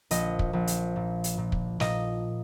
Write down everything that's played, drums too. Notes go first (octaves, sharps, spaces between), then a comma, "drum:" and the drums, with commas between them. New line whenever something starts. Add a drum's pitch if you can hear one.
A#1 D#5, drum: hi-hat
drum: kick
A#1
drum: hi-hat
A#2
drum: hi-hat
A#2
drum: kick
A#2 D#5, drum: snare